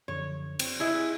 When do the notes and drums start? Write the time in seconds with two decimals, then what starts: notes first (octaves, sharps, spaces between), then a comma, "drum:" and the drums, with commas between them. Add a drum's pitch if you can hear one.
0.08 F#2 D3 F3 C#5
0.59 C4, drum: cymbal
0.80 E4 G#4 D#5